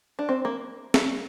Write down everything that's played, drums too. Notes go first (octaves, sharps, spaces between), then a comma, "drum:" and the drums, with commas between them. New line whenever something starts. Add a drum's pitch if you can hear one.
D4
C4
A#3
drum: snare